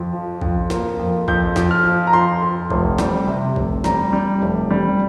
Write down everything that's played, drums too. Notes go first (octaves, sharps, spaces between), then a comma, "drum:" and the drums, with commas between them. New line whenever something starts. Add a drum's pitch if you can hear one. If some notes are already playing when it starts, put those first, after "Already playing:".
Already playing: F2
F3
F2, drum: kick A#1
A#3, drum: snare
F2
F2 G6, drum: kick A#1
F2, drum: snare
F6
F3
A#5
F2 C6
F2
F1, drum: kick A#1
G3, drum: snare
C3
F1, drum: kick A#1
G3 A#5, drum: snare
G3
F1
G3